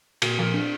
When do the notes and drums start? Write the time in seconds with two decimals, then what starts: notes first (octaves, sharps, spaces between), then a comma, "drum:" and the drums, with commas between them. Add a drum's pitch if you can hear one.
0.22 A#2 F#4, drum: cymbal
0.38 A#2 F3
0.54 D4